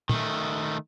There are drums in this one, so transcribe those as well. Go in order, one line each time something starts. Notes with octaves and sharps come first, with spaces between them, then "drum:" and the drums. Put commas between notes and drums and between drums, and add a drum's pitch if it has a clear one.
D#3 A3, drum: tom